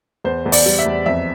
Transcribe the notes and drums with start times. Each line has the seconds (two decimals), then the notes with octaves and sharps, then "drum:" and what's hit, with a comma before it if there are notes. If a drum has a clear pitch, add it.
0.24 E2 C5
0.46 E2
0.52 D5, drum: open hi-hat
0.66 G3
0.79 E5
0.86 E2
1.06 F2 E5